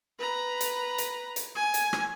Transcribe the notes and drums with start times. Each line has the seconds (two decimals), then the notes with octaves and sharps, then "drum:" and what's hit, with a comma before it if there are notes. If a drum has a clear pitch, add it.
0.19 B4 A#5
0.61 drum: hi-hat
0.98 drum: hi-hat
1.36 drum: hi-hat
1.55 G#5
1.74 drum: hi-hat
1.93 drum: rim click